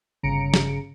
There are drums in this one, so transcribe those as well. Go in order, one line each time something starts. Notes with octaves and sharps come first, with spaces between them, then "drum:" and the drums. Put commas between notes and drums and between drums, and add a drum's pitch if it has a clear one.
G1 C#3 A#5 C#7 D7
drum: snare